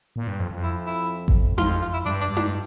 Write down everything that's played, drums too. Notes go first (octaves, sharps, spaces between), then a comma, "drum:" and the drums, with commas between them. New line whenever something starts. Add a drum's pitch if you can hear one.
A#2
G2
F2
F2
E4
E4
drum: kick G#1
F2 F4, drum: tom D#4
F4
F4
E4
G2 D4
D4
G2
D4, drum: tom D#4